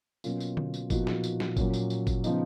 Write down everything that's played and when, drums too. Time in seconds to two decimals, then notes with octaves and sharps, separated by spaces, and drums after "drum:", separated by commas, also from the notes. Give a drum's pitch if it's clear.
0.24 B2 F#3 A#3 C#4 F4, drum: tambourine
0.40 drum: tambourine
0.57 drum: tom D3
0.74 drum: tambourine
0.90 A#2 F3 B3 D#4 F#4, drum: kick F#1, tambourine
1.07 drum: snare
1.24 drum: tambourine
1.40 drum: snare
1.57 A#2 F#3 C#4, drum: kick F#1, tambourine
1.74 drum: tambourine
1.90 drum: tambourine
2.07 drum: kick F#1, tambourine
2.24 C#3 F3 B3 D#4, drum: tambourine